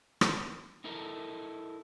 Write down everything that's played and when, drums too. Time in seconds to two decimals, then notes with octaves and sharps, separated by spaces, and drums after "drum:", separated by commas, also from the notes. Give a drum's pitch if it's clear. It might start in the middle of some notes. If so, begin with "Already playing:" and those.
0.21 drum: rim click
0.84 D#4 E4 A4 A#4